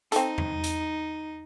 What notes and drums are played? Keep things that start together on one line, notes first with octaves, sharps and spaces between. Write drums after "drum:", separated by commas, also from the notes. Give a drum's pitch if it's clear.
C4 D#4 A4, drum: hi-hat
drum: tom E2
drum: hi-hat